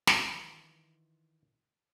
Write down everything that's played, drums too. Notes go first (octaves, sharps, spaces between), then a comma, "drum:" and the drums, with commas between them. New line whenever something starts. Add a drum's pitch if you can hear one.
D#3 E3 F4, drum: snare